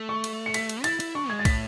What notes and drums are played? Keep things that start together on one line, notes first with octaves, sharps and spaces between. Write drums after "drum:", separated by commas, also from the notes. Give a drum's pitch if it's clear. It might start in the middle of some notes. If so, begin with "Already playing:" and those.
Already playing: A3
C#6
drum: cymbal
C#7
B6, drum: cymbal
drum: cymbal
E4 A6, drum: cymbal
E4, drum: cymbal
D4 C#6
G#3 G#6
A6
A2 B6, drum: kick, cymbal